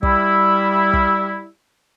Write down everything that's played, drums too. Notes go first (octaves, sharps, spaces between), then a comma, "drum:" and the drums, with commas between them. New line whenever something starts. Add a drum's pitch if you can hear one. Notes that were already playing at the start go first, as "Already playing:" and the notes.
G3 E4, drum: kick
drum: kick